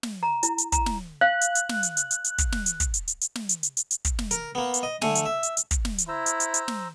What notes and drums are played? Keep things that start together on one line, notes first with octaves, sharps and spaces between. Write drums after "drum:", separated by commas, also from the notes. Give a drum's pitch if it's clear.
drum: snare
A#5
E4, drum: hi-hat
drum: hi-hat
A#5, drum: kick, hi-hat
drum: snare
F5 F#6
drum: hi-hat
drum: hi-hat
drum: snare
drum: hi-hat
drum: hi-hat
drum: hi-hat
drum: hi-hat
drum: kick, hi-hat
drum: snare
drum: hi-hat
drum: kick, hi-hat
drum: hi-hat
drum: hi-hat
drum: hi-hat
drum: snare
drum: hi-hat
drum: hi-hat
drum: hi-hat
drum: hi-hat
drum: kick, hi-hat
drum: snare
A#4, drum: hi-hat
A#3 B3
drum: hi-hat
D#5
D3 A3 G#5, drum: snare
drum: hi-hat
E5
drum: hi-hat
drum: hi-hat
drum: kick, hi-hat
drum: snare
drum: hi-hat
E4 C5 A#5 E6
drum: hi-hat
drum: hi-hat
drum: hi-hat
drum: snare